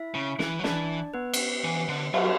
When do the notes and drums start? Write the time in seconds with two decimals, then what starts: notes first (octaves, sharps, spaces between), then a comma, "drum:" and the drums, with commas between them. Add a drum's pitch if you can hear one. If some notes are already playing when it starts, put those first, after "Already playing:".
Already playing: E4 E5
0.15 C#3
0.39 E3, drum: snare
0.59 F#3
0.64 E3 D4 D5, drum: snare
1.14 B3 B4
1.34 drum: cymbal
1.64 E3
1.89 D3
2.14 F#3, drum: cymbal